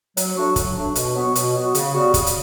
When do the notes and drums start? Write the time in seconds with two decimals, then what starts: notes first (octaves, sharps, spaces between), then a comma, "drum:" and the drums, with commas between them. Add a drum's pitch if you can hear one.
0.17 F#3, drum: hi-hat
0.37 A3 D4 F#4
0.56 F#3, drum: kick, hi-hat
0.76 A3 D4 F#4
0.95 B2, drum: hi-hat
1.15 F#3 B3 F#4
1.35 B2, drum: hi-hat
1.55 F#3 B3 F#4
1.75 C#3, drum: hi-hat
1.94 G3 B3 F#4
2.14 C#3, drum: kick, hi-hat
2.27 drum: hi-hat